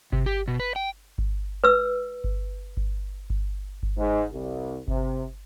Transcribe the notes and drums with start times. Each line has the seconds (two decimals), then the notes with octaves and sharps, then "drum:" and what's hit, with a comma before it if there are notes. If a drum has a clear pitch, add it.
0.12 C3, drum: kick G1
0.26 G4
0.48 B2
0.60 B4
0.76 G5
1.18 drum: kick G1
1.64 B4 E6
2.24 drum: kick G1
2.77 drum: kick G1
3.30 drum: kick G1
3.83 drum: kick G1
3.97 G#2
4.32 C2
4.88 C3, drum: kick G1